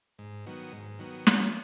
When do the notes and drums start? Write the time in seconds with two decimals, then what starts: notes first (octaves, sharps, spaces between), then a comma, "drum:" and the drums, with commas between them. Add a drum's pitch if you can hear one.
0.19 G#2
0.46 D#3 F#3 B3
0.73 G#2
0.99 D#3 F#3 B3
1.27 F3, drum: snare